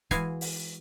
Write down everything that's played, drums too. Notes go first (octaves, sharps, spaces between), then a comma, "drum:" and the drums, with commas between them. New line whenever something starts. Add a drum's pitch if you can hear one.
E3 G#3 E4 F#4 F5 G#5, drum: kick, hi-hat
drum: open hi-hat